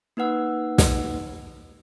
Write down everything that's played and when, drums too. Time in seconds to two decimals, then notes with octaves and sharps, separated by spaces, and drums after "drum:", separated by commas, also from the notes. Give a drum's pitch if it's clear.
0.17 A#3 D#4 B4 F#5 E6
0.78 drum: snare